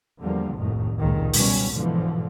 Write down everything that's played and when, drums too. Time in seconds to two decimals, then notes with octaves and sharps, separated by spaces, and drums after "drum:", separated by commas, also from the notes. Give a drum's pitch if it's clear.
0.20 E2 D3 F3 G3 A#3
0.55 F#1 C2 F2 A2 D#3
0.99 F1 C#2 A#2 D#3
1.34 B2 F#3 G3 B3 C#4, drum: open hi-hat
1.73 G#2 B2 D3 E3 F3